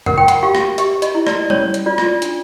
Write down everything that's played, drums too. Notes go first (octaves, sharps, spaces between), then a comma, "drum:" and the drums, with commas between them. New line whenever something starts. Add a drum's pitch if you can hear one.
A#4 F#5, drum: tom F2
G5
F#5, drum: hi-hat
G4 F5
drum: rim click
G4 E5, drum: hi-hat
D#5, drum: hi-hat
E4
D5, drum: rim click
C#4 C#5, drum: tom G3
drum: hi-hat
F4 D5
drum: rim click
D4, drum: hi-hat